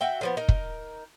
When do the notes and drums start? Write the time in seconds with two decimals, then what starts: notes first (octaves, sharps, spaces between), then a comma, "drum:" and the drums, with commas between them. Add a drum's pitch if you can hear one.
0.01 F#4 E5 G5
0.21 D3 F3 B3
0.37 D#4 A#4
0.48 drum: kick